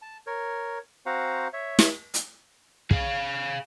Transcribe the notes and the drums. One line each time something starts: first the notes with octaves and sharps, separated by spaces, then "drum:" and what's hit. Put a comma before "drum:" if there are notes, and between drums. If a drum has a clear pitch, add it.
A5
A#4 C#5
C4 F#4 C5 F5 F#5 A#5
C#5 E5
drum: snare
drum: hi-hat
G#4 F5, drum: kick